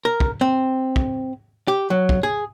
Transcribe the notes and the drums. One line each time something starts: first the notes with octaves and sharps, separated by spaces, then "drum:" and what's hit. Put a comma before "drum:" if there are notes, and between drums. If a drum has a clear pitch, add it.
A#4
drum: kick
C4
drum: kick
G4
F#3
drum: kick
G#4